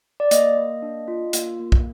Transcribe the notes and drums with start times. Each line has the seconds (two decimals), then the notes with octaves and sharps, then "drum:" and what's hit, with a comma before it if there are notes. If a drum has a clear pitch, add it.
0.20 D5
0.31 A#3 D#5, drum: hi-hat
0.58 A#3
0.82 D4
1.08 F4
1.33 A#3, drum: hi-hat
1.60 A#3
1.72 drum: kick